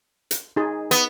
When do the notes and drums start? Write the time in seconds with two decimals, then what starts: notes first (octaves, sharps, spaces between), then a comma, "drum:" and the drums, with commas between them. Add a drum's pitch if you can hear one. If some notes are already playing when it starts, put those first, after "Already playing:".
0.31 drum: hi-hat
0.56 D#4 G#4
0.91 B3, drum: hi-hat